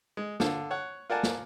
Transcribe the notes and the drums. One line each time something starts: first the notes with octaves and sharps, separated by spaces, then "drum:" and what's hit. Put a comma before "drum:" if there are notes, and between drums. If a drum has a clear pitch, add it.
G#3
D3 F4, drum: snare
C#5 F#5
F4 A#4 D5 F#5 G#5 A5
drum: snare